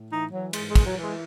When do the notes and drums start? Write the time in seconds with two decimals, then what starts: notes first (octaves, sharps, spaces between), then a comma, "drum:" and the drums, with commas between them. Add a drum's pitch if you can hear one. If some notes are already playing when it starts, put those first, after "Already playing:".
Already playing: A2
0.10 E3 D#4
0.32 E3 F#3
0.53 G#2 G#3, drum: cymbal
0.70 G#3
0.75 E3, drum: kick, cymbal
0.86 F#3
0.97 E3
1.02 G#3